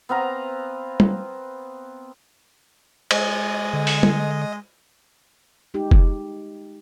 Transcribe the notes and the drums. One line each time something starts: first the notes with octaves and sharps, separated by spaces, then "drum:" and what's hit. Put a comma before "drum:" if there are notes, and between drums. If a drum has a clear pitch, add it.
B3 C4 F5 A#5
drum: tom
G#3 D#5, drum: cymbal
D3
drum: open hi-hat
drum: tom
G#3 D#4 G4
drum: kick F1